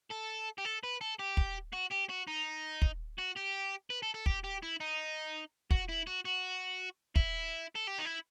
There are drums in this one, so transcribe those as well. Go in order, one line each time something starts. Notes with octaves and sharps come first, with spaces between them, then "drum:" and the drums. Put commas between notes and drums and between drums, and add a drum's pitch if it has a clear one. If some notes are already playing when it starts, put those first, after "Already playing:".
A4
G4
A4
B4
A4
G4
drum: kick
F#4
G4
F#4
D#4
drum: kick
F#4
G4
B4
A4
A4
G4, drum: kick
G4
E4
D#4
F#4, drum: kick
E4
F#4
F#4
E4, drum: kick
A4
G4
D#4
E4